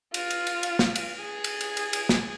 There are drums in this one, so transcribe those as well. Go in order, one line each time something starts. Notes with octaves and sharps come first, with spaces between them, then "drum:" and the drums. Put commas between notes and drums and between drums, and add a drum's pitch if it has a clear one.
F4, drum: cymbal
drum: cymbal
drum: cymbal
drum: cymbal
drum: snare
drum: cymbal
G#4
drum: cymbal
drum: cymbal
drum: cymbal
drum: cymbal
drum: snare